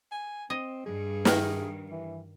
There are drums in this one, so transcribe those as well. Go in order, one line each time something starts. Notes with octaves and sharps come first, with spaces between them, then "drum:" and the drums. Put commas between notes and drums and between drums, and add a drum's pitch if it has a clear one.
G#5
C4 D#5
G2 G#4
D#3 F#4 A#4, drum: snare
E3